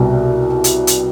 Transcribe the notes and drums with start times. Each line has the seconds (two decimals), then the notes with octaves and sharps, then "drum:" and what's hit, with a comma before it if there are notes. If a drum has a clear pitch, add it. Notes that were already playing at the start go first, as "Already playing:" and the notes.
Already playing: C2 B2 G3
0.64 drum: hi-hat
0.87 drum: hi-hat